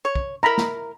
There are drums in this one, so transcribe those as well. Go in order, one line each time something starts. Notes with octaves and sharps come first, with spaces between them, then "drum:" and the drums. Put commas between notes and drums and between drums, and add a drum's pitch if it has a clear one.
C#5
drum: kick
E4 A#4 A#5 B5
drum: snare